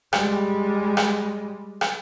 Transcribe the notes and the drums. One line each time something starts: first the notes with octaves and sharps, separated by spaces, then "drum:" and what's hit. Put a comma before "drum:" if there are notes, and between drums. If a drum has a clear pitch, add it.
G3 G#3, drum: rim click
drum: rim click
drum: rim click